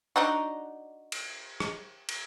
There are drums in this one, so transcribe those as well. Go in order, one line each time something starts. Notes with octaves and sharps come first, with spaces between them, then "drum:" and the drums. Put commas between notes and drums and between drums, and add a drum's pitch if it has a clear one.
D4 D#4 F#4
drum: cymbal
drum: rim click
drum: cymbal